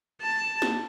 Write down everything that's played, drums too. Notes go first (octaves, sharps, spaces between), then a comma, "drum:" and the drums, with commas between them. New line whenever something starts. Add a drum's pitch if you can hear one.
A5
drum: snare